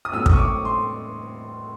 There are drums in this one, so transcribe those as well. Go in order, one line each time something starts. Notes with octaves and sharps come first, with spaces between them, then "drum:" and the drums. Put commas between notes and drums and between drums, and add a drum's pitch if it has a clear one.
D#6
A2 F#3 B3 E6
D#6, drum: kick
C#6
D6
C6